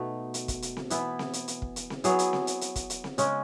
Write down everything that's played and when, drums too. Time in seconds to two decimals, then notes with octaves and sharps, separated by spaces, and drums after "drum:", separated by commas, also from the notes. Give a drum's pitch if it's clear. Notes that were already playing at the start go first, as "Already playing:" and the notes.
Already playing: B2 A3 D#4
0.34 drum: hi-hat
0.48 drum: kick, hi-hat
0.62 drum: hi-hat
0.77 drum: snare C4
0.90 E3 B3 E4, drum: hi-hat
1.19 drum: snare C4
1.33 drum: hi-hat
1.48 drum: hi-hat
1.62 drum: kick
1.76 drum: hi-hat
1.90 drum: snare C4
2.04 F#3 B3 E4 G#4, drum: hi-hat
2.19 drum: hi-hat
2.33 drum: snare C4
2.47 drum: hi-hat
2.61 drum: hi-hat
2.76 drum: kick, hi-hat
2.90 drum: hi-hat
3.04 drum: snare C4
3.18 C#3 G#3 C#4, drum: hi-hat